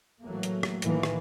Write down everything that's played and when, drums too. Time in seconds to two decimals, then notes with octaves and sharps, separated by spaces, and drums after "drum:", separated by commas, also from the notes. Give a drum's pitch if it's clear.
0.23 A2 E3 F#3 A3 A#3
0.43 drum: hi-hat
0.63 drum: rim click
0.82 A2 D#3 E3 F#3 A#3, drum: hi-hat
1.03 drum: rim click